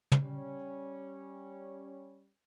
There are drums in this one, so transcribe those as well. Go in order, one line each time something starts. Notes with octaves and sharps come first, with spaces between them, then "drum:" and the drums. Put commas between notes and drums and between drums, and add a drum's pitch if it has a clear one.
drum: tom
G3 C#4